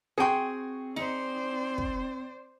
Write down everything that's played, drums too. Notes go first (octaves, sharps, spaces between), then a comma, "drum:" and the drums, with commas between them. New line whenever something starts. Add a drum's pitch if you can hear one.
C4 F#4 G#4 G5 G#5 C6
D#4 C5 D5, drum: snare
drum: kick